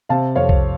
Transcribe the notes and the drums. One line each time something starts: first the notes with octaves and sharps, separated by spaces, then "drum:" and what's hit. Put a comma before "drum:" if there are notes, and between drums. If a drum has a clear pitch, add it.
C3 F5 A5
F2 C#5 F5
drum: kick